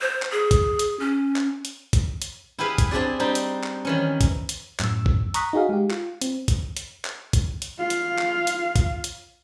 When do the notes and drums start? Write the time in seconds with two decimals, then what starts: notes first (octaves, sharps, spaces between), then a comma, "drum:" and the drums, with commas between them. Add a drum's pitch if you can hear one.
0.01 C5
0.23 drum: clap
0.32 G#4
0.51 drum: kick, hi-hat
0.79 drum: hi-hat
1.00 C#4
1.36 drum: clap
1.65 drum: hi-hat
1.93 drum: kick, hi-hat
2.22 drum: hi-hat
2.58 E4 G4 G#4 B4 F5
2.78 drum: kick, hi-hat
2.91 C4 D4 E4 G#4 D5
3.20 G3 C4 D4 D#4 G4
3.35 drum: hi-hat
3.64 drum: clap
3.85 D#3 E3 C#4
4.21 drum: kick, hi-hat
4.49 drum: hi-hat
4.80 F#2 A2 E6, drum: clap
5.06 drum: kick
5.34 A#5 C#6 D#6 F#6 B6, drum: hi-hat
5.53 D#4 F#4 G#4 F5
5.69 G#3 G4
5.91 F4, drum: clap
6.21 C4, drum: hi-hat
6.48 drum: kick, hi-hat
6.77 drum: hi-hat
7.05 drum: clap
7.33 drum: kick, hi-hat
7.62 drum: hi-hat
7.78 F4 F5
7.90 drum: hi-hat
8.19 drum: clap
8.47 drum: hi-hat
8.76 drum: kick, hi-hat
9.04 drum: hi-hat